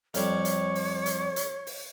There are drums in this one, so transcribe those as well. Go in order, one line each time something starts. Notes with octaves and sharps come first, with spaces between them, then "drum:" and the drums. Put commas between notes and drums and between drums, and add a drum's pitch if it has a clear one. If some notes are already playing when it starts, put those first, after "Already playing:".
F2 G3 C#5, drum: hi-hat
drum: hi-hat
drum: open hi-hat
drum: hi-hat
drum: hi-hat
drum: open hi-hat